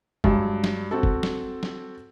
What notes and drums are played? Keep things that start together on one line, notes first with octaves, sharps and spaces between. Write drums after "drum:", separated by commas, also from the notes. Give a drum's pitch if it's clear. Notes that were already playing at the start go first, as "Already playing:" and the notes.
G2 F#3 G#3, drum: kick F#1
drum: snare
C4 F#4 A4
drum: kick F#1
drum: snare
drum: snare